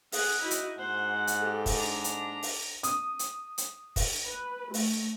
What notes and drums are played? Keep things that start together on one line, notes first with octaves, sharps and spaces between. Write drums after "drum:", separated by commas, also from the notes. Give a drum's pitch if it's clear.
G#4 F#5, drum: open hi-hat
D#4 E4 F#4
drum: hi-hat
G#2 C5 F#5
drum: hi-hat
G4 A4
drum: kick, open hi-hat
D4 A#5
drum: hi-hat
drum: open hi-hat
D#6, drum: hi-hat
drum: hi-hat
drum: hi-hat
drum: kick, open hi-hat
B4
A3, drum: open hi-hat